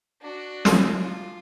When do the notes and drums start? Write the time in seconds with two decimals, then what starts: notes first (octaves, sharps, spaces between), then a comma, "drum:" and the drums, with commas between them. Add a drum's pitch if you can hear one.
0.21 D4 F#4
0.65 drum: snare
0.99 F4